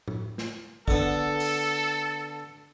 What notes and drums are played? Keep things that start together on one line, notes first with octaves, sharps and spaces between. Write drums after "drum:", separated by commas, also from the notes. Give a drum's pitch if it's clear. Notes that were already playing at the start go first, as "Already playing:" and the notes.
drum: tom A2
drum: snare
D3 B3 A4, drum: kick
drum: open hi-hat